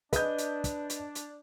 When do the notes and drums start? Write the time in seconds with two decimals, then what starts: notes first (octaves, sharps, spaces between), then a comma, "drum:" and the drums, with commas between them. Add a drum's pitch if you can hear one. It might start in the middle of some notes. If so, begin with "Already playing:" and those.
0.13 D4 B4 D#5 G6, drum: kick, hi-hat
0.38 drum: hi-hat
0.64 drum: kick, hi-hat
0.90 drum: hi-hat
1.15 drum: hi-hat